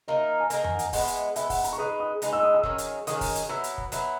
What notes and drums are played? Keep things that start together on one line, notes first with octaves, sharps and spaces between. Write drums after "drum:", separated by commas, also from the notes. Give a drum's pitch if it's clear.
A#3 D#4 A#4 D#5
E5
G#5
A#3 D#4 A#4 A#5, drum: hi-hat
G#5, drum: tom F2
F#5
G#5, drum: hi-hat
G#3 B3 E4 F#5, drum: kick, open hi-hat
drum: hi-hat
G#3 B3 E4 E5, drum: hi-hat
F#5, drum: kick, open hi-hat
A#5, drum: hi-hat
C#6
G#3 D#4 G#4 B4 D#6
D#6
G#3 D#4 G#4 B4, drum: hi-hat
E6
D#6
E6
D#3 F#3 C#4 G#4, drum: kick
drum: hi-hat
D#3 F#3 C#4 G#4 D#6, drum: hi-hat
drum: kick, open hi-hat
drum: hi-hat
F#3 B3 E4 E6
drum: hi-hat
drum: kick
F#3 B3 E4, drum: hi-hat